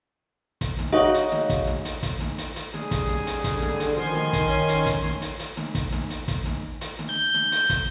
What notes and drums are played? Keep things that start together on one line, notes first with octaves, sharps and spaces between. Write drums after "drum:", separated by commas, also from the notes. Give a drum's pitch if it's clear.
drum: kick, hi-hat
drum: snare
D#4 F#4 G#4 C#5 D#5 F5
drum: hi-hat
drum: snare
drum: kick, hi-hat
drum: snare
drum: hi-hat
drum: kick, hi-hat
drum: snare
drum: hi-hat
drum: hi-hat
C#3 G3 G#4, drum: snare
drum: kick, hi-hat
drum: snare
drum: hi-hat
D3, drum: kick, hi-hat
drum: snare
drum: hi-hat
B2 D#3 F3 G#5 C6
drum: snare
drum: kick, hi-hat
C#4
drum: hi-hat
drum: kick, hi-hat
drum: snare
drum: hi-hat
drum: hi-hat
drum: snare
drum: kick, hi-hat
drum: snare
drum: hi-hat
drum: kick, hi-hat
drum: snare
drum: hi-hat
drum: snare
G6
drum: snare
drum: hi-hat
drum: kick, hi-hat